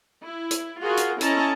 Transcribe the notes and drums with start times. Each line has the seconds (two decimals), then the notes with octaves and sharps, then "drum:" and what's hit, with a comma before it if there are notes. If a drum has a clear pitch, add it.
0.23 E4
0.51 drum: hi-hat
0.81 F4 F#4 G#4 A#4
0.97 drum: hi-hat
1.21 C#4 E4 A4 D#5 A5 A#5, drum: hi-hat